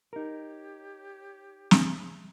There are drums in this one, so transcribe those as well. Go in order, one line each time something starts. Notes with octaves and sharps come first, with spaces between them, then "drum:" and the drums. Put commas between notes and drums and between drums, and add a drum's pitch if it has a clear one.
D#4 G4 A#4 C#5
drum: snare